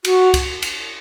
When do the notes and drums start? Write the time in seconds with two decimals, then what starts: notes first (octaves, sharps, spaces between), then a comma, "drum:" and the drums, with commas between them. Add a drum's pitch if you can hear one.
0.05 F#4, drum: cymbal
0.34 drum: kick, cymbal
0.62 drum: cymbal